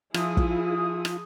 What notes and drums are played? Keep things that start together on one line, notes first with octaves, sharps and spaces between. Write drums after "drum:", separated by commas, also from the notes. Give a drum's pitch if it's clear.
F3 E4 F4 G#4 D#6, drum: rim click
drum: kick
drum: rim click